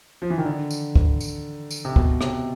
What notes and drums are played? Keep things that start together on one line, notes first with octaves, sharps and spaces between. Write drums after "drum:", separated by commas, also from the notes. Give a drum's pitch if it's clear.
F3
E3
D#3
D3
drum: tambourine
drum: kick
drum: tambourine
drum: tambourine
C3
B2, drum: kick
C3, drum: rim click